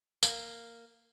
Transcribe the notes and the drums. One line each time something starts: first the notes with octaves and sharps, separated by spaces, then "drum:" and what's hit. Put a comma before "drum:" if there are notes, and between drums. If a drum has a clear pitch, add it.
A#3, drum: tambourine